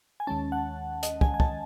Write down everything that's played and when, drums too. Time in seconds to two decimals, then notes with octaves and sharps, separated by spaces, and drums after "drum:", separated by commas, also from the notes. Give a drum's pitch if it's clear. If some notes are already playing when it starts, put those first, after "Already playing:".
0.20 G#5
0.27 D#2 D#3 G#3 C#4 A5
0.52 F#5
1.03 D#5, drum: hi-hat
1.21 G#5, drum: kick
1.34 G#5
1.40 A5, drum: kick